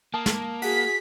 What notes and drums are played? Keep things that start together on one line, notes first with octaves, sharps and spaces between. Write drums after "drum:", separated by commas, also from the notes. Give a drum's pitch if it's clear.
A#3 A5 A#5 D#6
drum: snare
F#4 G#4 F#5 B6, drum: open hi-hat